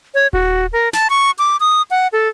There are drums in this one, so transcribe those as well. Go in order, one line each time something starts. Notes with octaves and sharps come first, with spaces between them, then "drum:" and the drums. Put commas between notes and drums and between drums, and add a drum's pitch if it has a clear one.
C#5
F#4, drum: kick D#1
A#4
A5, drum: snare
C#6
D6
D#6
F#5
A4